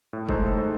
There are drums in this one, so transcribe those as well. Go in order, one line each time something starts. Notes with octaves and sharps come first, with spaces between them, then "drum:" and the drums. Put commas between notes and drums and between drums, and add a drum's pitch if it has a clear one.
A2
G#3 D#4 A4 C5, drum: kick
A2
G#3 D#4 A4 C5